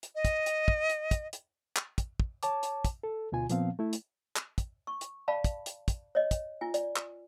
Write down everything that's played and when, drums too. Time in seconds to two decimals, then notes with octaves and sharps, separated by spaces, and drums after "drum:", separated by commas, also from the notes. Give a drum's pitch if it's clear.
0.03 drum: hi-hat
0.15 D#5
0.25 drum: kick, hi-hat
0.46 drum: hi-hat
0.68 drum: kick
0.90 drum: hi-hat
1.11 drum: kick, hi-hat
1.33 drum: hi-hat
1.76 drum: clap
1.98 drum: kick, hi-hat
2.20 drum: kick
2.43 C#5 A5 D6, drum: hi-hat
2.63 drum: hi-hat
2.85 drum: kick, hi-hat
3.03 A4
3.32 D2 B2 F4 G#5
3.50 A#2 F3 B3 C4 F5, drum: hi-hat
3.79 A3 E4
3.93 drum: hi-hat
4.36 drum: clap
4.58 drum: kick, hi-hat
4.87 C#6
5.01 drum: hi-hat
5.28 D5 F5 A5 B5
5.44 drum: kick, hi-hat
5.66 drum: hi-hat
5.88 drum: kick, hi-hat
6.15 C#5 D#5
6.31 drum: kick, hi-hat
6.61 F4 G#5
6.74 D5, drum: hi-hat
6.96 drum: clap